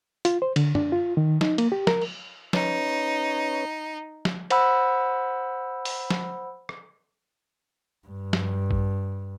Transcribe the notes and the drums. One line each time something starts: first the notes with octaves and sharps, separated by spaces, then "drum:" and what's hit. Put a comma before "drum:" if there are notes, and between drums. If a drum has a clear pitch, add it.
F4, drum: hi-hat
C5
D3, drum: cymbal
D4, drum: tom F#2
F4
D#3
D#4, drum: snare
A#3, drum: cymbal
G4
A#4, drum: snare
drum: cymbal
C#4 D#4 B4 C#5, drum: snare
drum: snare
C5 F#5 B5 E6, drum: cymbal
drum: open hi-hat
drum: snare
drum: rim click
G2
drum: snare
drum: kick